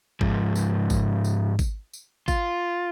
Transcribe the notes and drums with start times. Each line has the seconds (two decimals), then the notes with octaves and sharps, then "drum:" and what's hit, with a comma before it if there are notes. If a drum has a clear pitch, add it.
0.21 G#2 F3, drum: kick G#1
0.55 drum: tambourine
0.90 drum: kick G#1, tambourine
1.24 drum: tambourine
1.59 drum: kick G#1, tambourine
1.93 drum: tambourine
2.28 F4, drum: kick G#1, tambourine